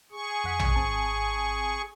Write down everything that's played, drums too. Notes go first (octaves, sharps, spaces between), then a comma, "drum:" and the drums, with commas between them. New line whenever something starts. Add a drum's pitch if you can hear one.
G#4 C#6
F2 F#5 B6
drum: tom
G#1 C4 A5